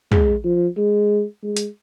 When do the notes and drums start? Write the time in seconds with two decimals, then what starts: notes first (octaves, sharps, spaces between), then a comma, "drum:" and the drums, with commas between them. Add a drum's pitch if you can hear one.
0.12 G#3, drum: tom
0.44 F3
0.77 G#3
1.43 G#3
1.57 drum: hi-hat